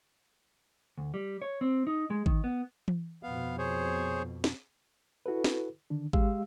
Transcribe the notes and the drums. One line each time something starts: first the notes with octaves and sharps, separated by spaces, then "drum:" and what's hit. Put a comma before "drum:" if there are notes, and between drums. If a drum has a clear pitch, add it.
D2
G3
C#5
C4
D#4
G#3
D#3, drum: kick G#1
B3
drum: tom E3
F2 B2 B3 F5
G#4 C5 C#5
drum: snare
E4 F#4 A4 B4
drum: snare
D3 D#3 D4
G#3 G4 F5 E6, drum: kick G#1